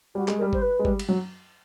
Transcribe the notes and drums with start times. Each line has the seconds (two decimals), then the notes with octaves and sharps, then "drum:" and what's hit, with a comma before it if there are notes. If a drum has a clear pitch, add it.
0.14 G3 F#4
0.28 G#3, drum: clap
0.38 A#4
0.41 G3
0.53 C5, drum: kick G#1
0.62 B4
0.79 G#3
0.85 G3, drum: kick G#1
0.99 drum: cymbal
1.09 F#3